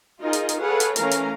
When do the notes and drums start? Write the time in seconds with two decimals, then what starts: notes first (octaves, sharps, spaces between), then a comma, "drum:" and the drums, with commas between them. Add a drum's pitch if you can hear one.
0.21 D#4 F4 G#4 A#4 D#5
0.33 drum: hi-hat
0.49 drum: hi-hat
0.60 G#4 A4 B4 C#5 F5 F#5
0.80 drum: hi-hat
0.96 E3 A3 C#4 A#4 F5 A#5, drum: hi-hat
1.11 drum: hi-hat